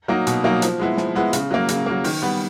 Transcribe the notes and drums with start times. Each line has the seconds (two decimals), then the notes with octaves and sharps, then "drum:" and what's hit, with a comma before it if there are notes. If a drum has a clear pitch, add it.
0.08 F#3 A#3 D#4 F#4
0.27 B2, drum: hi-hat
0.44 F#3 A#3 D#4 F#4
0.62 F3, drum: hi-hat
0.80 G#3 B3 E4
0.97 F3, drum: snare
1.15 G#3 B3 E4
1.33 C#3, drum: hi-hat
1.51 F#3 A#3
1.68 C#3, drum: hi-hat
1.86 F#3 A#3
2.04 D#3, drum: open hi-hat
2.22 G3 B3